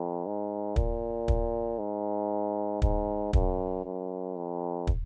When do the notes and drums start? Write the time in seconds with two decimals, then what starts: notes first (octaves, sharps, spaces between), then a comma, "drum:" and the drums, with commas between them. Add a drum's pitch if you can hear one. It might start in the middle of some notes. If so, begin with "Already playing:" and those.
Already playing: F2
0.26 G#2
0.76 A#2, drum: kick
1.28 drum: kick
1.79 G#2
2.82 G#2, drum: kick
3.33 F#2, drum: kick
3.85 F#2
4.36 F2
4.87 drum: kick